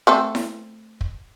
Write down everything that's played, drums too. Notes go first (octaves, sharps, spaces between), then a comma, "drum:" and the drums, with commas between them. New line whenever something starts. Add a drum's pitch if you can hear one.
A3 C4 A4
drum: snare E4
drum: kick